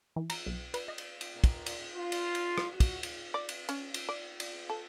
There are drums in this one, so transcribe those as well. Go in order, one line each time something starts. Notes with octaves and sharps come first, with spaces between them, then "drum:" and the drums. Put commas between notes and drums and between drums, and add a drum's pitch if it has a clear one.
E3
A#5, drum: cymbal
B1
B4, drum: cymbal
D#5
drum: cymbal
drum: cymbal
A#2
drum: kick, cymbal
drum: cymbal
F4
drum: cymbal
drum: cymbal
drum: rim click
F#4
drum: kick, cymbal
drum: cymbal
D5
drum: cymbal
C#4, drum: cymbal
drum: cymbal
D5
drum: cymbal
A4